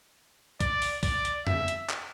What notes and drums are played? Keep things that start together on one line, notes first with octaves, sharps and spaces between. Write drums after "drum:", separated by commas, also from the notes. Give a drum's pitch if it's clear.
D5, drum: kick, hi-hat
drum: open hi-hat
D5, drum: kick, open hi-hat
drum: hi-hat
E5, drum: tom
drum: hi-hat
drum: clap